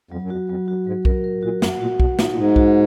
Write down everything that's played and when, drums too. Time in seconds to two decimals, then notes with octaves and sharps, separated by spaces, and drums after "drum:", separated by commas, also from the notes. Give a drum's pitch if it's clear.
0.11 F2 F#3
0.22 F#2
0.30 F2 F#4
0.50 F2 F#3
0.68 F#2 F#4
0.87 G#2 F#3
1.05 F#2 A#4, drum: kick B1
1.24 A#4
1.43 A#2 F#4
1.62 F#2 F#5, drum: snare
1.81 A#2 F#4
2.00 B2 F#5, drum: kick B1
2.19 A#2 D#4, drum: snare
2.32 A#2
2.37 G#2 F#4
2.56 F#4, drum: kick B1